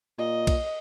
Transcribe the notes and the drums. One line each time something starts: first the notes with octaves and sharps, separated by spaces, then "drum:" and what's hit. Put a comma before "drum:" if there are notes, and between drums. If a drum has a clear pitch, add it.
A#2 D#5
drum: kick B1, cymbal